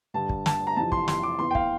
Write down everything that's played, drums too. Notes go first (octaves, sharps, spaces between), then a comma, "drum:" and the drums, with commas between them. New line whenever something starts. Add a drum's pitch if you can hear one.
G2 D3 A5
drum: kick
A5, drum: snare
A#5
F2 C3 E3 A5
C6, drum: kick
C6, drum: snare
D6
E2 E3 C6
G5
F5, drum: kick